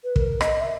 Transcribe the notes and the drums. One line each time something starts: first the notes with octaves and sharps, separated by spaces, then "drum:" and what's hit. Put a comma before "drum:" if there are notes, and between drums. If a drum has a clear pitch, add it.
B4
A#4, drum: kick
D#5, drum: rim click
E5